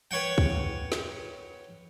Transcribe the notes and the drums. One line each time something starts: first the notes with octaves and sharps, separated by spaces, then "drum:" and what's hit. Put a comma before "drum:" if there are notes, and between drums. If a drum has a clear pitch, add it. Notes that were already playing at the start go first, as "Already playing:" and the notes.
B4 C#5 F#5 G5
drum: kick
drum: snare